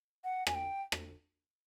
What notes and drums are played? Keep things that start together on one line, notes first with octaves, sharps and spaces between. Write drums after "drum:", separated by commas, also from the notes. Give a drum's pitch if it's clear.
F#5
G#5, drum: rim click
G5
drum: rim click